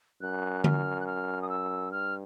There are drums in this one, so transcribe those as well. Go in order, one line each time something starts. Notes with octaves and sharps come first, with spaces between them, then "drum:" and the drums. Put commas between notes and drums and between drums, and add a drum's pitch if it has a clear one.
F#2 F#6
F6, drum: tom D3
F#6
F6
D#6
E6
G2 F6